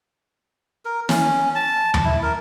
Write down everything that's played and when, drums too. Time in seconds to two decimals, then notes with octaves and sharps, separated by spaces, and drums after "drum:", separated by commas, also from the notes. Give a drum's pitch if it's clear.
0.85 A#4
1.09 C#4, drum: snare
1.55 A5
1.94 drum: tom D#2
2.05 E4
2.23 A#4